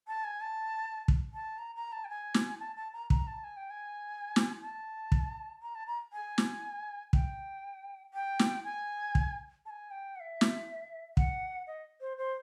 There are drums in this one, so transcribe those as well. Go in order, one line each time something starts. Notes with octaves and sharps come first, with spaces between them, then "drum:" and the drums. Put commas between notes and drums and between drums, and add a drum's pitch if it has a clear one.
A5
G#5
A5
drum: kick
A5
A#5
A#5
A5
G5
G#5
drum: snare
A5
A5
A#5
A#5, drum: kick
A5
G#5
G5
G#5
drum: snare
A5
drum: kick
A#5
A5
A#5
G#5
drum: snare
G5, drum: kick
G5
drum: snare
G#5
drum: kick
A5
G#5
G5
F#5
E5
drum: snare
F#5, drum: kick
D#5
C5
C5